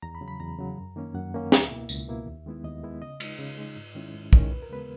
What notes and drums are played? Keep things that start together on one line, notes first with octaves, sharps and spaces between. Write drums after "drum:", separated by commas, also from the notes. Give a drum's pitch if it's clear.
E2 A#5
B5
C#3 F#3
B5
E2 A#5
C#3 F#3
F#2
D#3 A#3 C#4
F#2 F#5
D#3 A#3 C#4
C#2 E5, drum: snare
B2 A#3 E4
C#2, drum: tambourine
B2 A#3 E4
D#2
D#3 G#3 B3 E4
D#2 D#5
D#3 G#3 B3 E4
C#3 D#5
G#3 D#4, drum: cymbal
C#3
G#3 D#4
G#2
D#3 G#3 C#4 E4
G#2
D#3 G#3 C#4 E4, drum: kick
D#2 B4
A#4
C#3 G#3 B3 B4